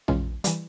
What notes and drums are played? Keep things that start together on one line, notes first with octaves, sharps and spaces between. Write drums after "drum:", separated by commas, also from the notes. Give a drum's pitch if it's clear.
E3 G#3 C#4 F4, drum: tom A#1
E3 G3, drum: hi-hat